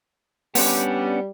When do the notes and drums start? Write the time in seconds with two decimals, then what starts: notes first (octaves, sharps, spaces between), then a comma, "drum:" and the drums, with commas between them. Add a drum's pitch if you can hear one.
0.55 G3 B3 C#4 D4, drum: open hi-hat